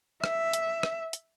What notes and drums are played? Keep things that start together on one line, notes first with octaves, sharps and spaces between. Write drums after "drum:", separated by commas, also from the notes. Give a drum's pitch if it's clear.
E5, drum: rim click
drum: hi-hat
drum: rim click
drum: hi-hat